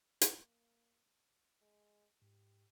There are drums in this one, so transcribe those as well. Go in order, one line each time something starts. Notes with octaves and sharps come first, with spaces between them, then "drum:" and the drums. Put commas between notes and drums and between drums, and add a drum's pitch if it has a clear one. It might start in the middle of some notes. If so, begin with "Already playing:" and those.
A#3, drum: hi-hat
G#3
G#2 G4